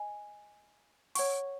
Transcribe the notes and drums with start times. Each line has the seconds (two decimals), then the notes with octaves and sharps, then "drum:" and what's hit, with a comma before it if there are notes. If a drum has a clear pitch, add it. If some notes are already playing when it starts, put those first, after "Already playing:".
Already playing: D#5 G#5
1.15 C#5 F#5 C#6, drum: open hi-hat